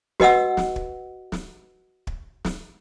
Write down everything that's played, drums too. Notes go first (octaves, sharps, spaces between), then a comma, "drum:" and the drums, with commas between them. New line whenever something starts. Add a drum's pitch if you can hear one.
F#4 B4 D#5 F#5 E6, drum: snare
drum: snare
drum: kick
drum: snare
drum: kick
drum: snare